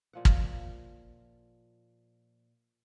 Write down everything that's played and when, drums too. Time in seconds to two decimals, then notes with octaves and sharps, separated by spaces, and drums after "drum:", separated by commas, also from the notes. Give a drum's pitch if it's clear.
0.13 A#2 F3 F#5
0.25 drum: kick